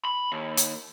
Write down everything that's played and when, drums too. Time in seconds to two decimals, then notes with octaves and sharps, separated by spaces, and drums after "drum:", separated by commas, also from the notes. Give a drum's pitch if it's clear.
0.05 B5
0.32 D#2
0.57 drum: hi-hat